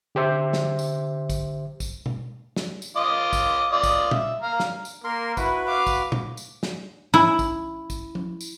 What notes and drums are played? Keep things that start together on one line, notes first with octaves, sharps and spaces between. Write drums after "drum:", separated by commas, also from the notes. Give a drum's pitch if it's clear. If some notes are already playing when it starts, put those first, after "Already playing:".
D3 G4 C5 E5
drum: snare
drum: tambourine
drum: kick A#1, tambourine
drum: kick A#1, tambourine
drum: tom
drum: snare
drum: tambourine
F4 D#5 D6
drum: kick A#1, tambourine
F4 D5 D#5
drum: kick A#1, tambourine
E5, drum: tom
F5 A#5
drum: snare
drum: tambourine
A#3 A#4 C6
E4 F#4 B4, drum: kick A#1, tambourine
F5 D6
drum: kick A#1, tambourine
drum: tom
drum: tambourine
drum: snare
E4
drum: kick A#1, tambourine
drum: kick A#1, tambourine
drum: tom
drum: tambourine